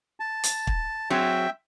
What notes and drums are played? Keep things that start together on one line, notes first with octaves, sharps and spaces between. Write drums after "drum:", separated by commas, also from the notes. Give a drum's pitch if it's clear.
A5
drum: hi-hat
drum: kick
F#3 C4 G#4 E5 G5